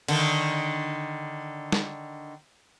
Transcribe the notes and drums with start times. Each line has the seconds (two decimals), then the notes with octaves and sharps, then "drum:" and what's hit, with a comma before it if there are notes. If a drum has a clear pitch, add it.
0.08 D3 D#3, drum: cymbal
1.72 drum: snare